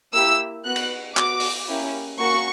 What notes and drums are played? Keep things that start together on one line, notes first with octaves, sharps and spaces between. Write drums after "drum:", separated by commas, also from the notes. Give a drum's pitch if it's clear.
A#3 E4 G4 E6
B3 F#4 F#6
drum: cymbal
B3 F#4 D6, drum: clap
drum: open hi-hat
A#3 C#4 E4 G4
A#3 C#4 F#4 C#6